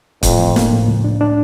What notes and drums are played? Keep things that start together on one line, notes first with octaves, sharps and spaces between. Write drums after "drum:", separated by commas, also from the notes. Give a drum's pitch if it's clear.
F2 A2, drum: kick, hi-hat
F3
A#3, drum: snare
A2
C#2
D4
D4